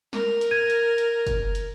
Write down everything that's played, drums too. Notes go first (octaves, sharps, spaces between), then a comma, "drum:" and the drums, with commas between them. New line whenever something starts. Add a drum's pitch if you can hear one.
A#4, drum: snare
drum: hi-hat
G#6 D#7
drum: hi-hat
drum: hi-hat
drum: kick, hi-hat
drum: hi-hat